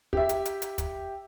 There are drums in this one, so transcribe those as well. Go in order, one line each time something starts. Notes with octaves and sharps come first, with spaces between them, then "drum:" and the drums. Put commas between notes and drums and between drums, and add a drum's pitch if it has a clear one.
G4 E5, drum: kick
drum: hi-hat
drum: hi-hat
drum: hi-hat
drum: kick, hi-hat